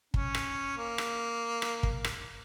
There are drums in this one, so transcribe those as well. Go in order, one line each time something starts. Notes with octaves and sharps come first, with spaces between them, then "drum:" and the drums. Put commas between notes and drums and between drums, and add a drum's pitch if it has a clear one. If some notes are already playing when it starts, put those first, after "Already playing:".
C#4, drum: kick
drum: rim click
A#3
drum: rim click
drum: rim click
drum: kick
drum: rim click